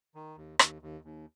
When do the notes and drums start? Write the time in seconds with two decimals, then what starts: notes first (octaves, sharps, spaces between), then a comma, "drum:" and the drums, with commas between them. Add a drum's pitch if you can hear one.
0.15 D#3
0.37 D#2
0.59 D#2, drum: rim click
0.82 D#2
1.04 D#2